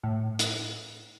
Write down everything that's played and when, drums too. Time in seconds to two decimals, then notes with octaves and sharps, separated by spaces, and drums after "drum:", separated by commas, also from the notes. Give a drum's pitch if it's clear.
0.03 A2
0.39 drum: hi-hat